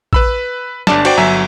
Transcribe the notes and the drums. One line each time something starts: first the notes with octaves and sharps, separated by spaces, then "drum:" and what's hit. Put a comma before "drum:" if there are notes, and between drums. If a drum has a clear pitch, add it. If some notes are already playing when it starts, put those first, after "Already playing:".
B4 B5 E6, drum: kick
G1 D4 D5 A5, drum: snare
F#4 C5 D5 G5, drum: cymbal
G1 F#3 E5 G#5 A#5